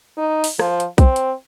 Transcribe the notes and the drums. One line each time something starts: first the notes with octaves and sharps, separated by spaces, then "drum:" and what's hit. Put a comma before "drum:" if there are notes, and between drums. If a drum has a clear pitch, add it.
D#4
drum: open hi-hat
F3, drum: rim click
drum: hi-hat
C4, drum: kick B1, hi-hat
drum: hi-hat